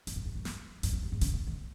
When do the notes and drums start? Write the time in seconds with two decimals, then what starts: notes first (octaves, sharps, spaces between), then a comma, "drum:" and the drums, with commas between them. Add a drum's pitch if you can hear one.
0.07 F2, drum: hi-hat
0.16 F#2
0.26 G2
0.35 F#2
0.45 drum: snare
0.83 F#2, drum: hi-hat
0.93 F2
1.03 G2
1.12 G#2
1.21 C#3, drum: hi-hat
1.33 D3
1.47 D#3